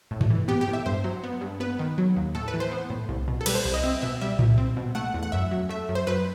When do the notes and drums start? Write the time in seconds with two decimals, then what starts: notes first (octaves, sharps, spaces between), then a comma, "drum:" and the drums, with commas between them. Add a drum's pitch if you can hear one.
0.11 A2
0.21 drum: tom G2
0.30 E3
0.48 B3 G4
0.61 G4
0.68 A2
0.73 E5
0.86 G2 C5
1.04 F#3
1.24 B3
1.41 G2
1.60 B3 B4
1.79 D#3
1.98 F#3
2.16 D#2
2.35 A2 A4
2.48 B4
2.54 E3
2.60 C5
2.72 B3
2.90 A2
3.09 C2
3.28 B2
3.41 A4
3.46 G3 B4, drum: cymbal
3.55 C5
3.65 C2
3.74 D#5
3.84 C4 E5
4.02 B2 E5
4.21 G3 E5
4.39 C2, drum: tom A2
4.58 C4
4.77 B2
4.95 A3 F#5
5.14 E2
5.23 F#5
5.32 F#2 E5
5.51 F#3
5.69 A3 E5
5.89 F#2
5.95 C5
6.07 F#2 B4